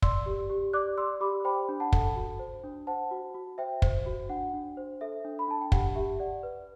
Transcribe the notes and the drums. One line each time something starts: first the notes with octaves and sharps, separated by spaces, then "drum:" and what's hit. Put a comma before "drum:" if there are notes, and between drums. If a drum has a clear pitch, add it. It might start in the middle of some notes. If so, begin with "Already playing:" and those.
D5 C6 E6, drum: kick
G4
G4
D5 D6 F#6
D5 C6 E6
G4 B5 D6
C5 G5 B5
D4
F#5 A5
A4, drum: kick
F#4
C5
D4
C5 F#5 A5
F#4
F#4
C5 E5 G5
C5, drum: kick
F#4
D4 F#5
D4
C5
A4 E5
D4
B5
D4 A5
G5
G4 F#5, drum: kick
G4 E5
D5 F#5
B4